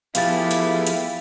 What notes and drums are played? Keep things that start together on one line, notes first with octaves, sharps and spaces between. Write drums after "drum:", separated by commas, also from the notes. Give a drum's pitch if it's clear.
F3 A3 B3 E4 G4 G#4 F5 A6, drum: hi-hat
drum: hi-hat
drum: hi-hat